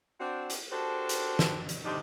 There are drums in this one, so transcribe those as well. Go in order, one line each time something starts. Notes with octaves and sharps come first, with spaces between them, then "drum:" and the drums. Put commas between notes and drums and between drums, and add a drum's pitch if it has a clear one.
C4 D4 F#4
drum: hi-hat
D4 F#4 G4 A4 A#4 C5
drum: hi-hat
drum: snare
drum: hi-hat
D2 C3 G3 D4 D#4